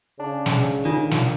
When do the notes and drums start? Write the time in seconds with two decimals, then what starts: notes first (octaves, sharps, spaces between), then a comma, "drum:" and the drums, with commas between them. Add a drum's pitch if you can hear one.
0.19 C#3 D4
0.46 drum: snare
0.85 A#2 D#3 D4 F4
1.11 drum: snare